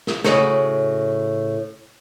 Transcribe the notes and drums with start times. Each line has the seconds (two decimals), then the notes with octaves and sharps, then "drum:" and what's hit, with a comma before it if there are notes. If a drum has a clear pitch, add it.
0.07 drum: snare
0.24 A2 C#3 F#4 D#5, drum: snare